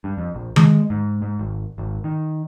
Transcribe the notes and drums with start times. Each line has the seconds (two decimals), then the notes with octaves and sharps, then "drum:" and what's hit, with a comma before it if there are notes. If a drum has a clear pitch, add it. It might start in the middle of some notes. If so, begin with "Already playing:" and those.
0.04 G2
0.18 F2
0.35 A#1
0.56 G#3, drum: tom D#3
0.90 G#2
1.22 G#2
1.39 G#1
1.78 G#1
2.04 D#3